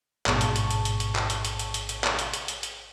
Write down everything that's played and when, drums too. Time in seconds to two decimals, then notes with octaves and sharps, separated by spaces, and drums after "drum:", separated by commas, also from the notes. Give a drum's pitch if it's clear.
0.26 A1 G#2 B2 G#4 A5 C#6, drum: clap
0.41 drum: hi-hat
0.56 drum: hi-hat
0.71 drum: hi-hat
0.85 drum: hi-hat
1.00 drum: hi-hat
1.15 drum: clap
1.30 drum: hi-hat
1.45 drum: hi-hat
1.59 drum: hi-hat
1.74 drum: hi-hat
1.89 drum: hi-hat
2.04 drum: clap
2.19 drum: hi-hat
2.34 drum: hi-hat
2.48 drum: hi-hat
2.63 drum: hi-hat